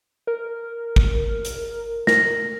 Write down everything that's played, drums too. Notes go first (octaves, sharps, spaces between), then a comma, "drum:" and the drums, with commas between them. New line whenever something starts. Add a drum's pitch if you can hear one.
A#4
drum: kick
drum: hi-hat
A#4 A#6, drum: snare